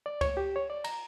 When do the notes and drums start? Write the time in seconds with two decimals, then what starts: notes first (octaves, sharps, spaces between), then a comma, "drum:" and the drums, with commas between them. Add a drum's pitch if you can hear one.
0.06 D5
0.21 C#5, drum: kick C#2, cymbal
0.37 G4
0.56 C#5
0.70 D5
0.84 A#5, drum: cymbal